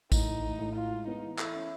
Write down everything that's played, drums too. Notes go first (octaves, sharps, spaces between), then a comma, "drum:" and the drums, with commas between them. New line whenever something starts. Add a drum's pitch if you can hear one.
A2 D#4, drum: kick A1, tambourine
E3
A3
A2
E4 F4
G#3
B3 D#4
E3
E4 A4, drum: clap
C#4